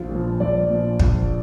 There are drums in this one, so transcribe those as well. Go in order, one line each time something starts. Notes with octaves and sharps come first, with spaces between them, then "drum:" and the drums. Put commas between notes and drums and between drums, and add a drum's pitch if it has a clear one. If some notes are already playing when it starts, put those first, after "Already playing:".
Already playing: A#1 F4
A#2 F3
A#1 D5
A#2 F3
A#1, drum: kick